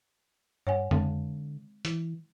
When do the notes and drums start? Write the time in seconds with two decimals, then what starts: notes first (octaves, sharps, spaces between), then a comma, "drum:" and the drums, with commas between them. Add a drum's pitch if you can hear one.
0.67 G2 C#5 F#5 G#5
0.91 D3 G#3 C4, drum: tom F2
1.85 E3, drum: hi-hat